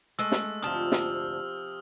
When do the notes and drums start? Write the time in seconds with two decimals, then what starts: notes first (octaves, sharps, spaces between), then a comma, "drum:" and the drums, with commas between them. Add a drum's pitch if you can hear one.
0.19 G#3 A3 E6
0.32 drum: snare
0.62 D2 G#2 C3 F3 A5 D#6 F6
0.92 drum: snare